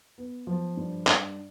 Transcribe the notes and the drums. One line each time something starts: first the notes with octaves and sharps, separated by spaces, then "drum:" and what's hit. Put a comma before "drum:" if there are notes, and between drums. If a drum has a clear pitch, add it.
B3
F3
G2
G2, drum: clap